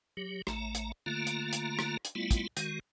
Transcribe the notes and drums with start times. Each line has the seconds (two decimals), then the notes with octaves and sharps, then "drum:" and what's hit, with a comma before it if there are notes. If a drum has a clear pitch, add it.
0.17 F#3 G4
0.47 A1 A3 A#5, drum: rim click
0.75 drum: hi-hat
1.06 D3 A3 A#3 F4 A#5
1.27 drum: hi-hat
1.53 drum: hi-hat
1.79 drum: rim click
2.05 drum: hi-hat
2.15 G3 A3 B3 E4 F4
2.31 drum: kick, hi-hat
2.57 D#3 G#3 F#4, drum: hi-hat